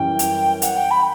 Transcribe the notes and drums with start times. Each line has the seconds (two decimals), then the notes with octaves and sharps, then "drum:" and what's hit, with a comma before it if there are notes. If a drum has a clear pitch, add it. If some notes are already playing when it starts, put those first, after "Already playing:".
Already playing: F#2 E3 G3 C#4 E4 G5
0.19 drum: hi-hat
0.62 F#5, drum: hi-hat
0.76 G5
0.91 B5